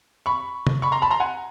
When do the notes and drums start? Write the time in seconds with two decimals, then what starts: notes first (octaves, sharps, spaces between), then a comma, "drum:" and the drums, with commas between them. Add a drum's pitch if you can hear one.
0.26 B5 C#6
0.67 drum: tom C3
0.82 B5 C#6
0.92 A#5 C6
1.02 A5 B5
1.10 A#5 C6
1.20 F#5 G#5